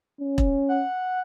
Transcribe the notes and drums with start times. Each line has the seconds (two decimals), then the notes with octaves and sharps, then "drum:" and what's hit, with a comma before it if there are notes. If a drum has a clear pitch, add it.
0.21 C#4
0.38 drum: kick E1
0.69 F#5